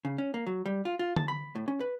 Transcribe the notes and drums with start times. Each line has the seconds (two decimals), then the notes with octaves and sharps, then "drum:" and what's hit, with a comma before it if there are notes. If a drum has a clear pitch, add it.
0.05 C#3
0.18 C#4
0.34 A#3
0.47 F#3
0.66 G3
0.85 F4
0.99 F4
1.16 A5, drum: tom D3
1.28 B5
1.55 A2
1.68 C#4
1.80 B4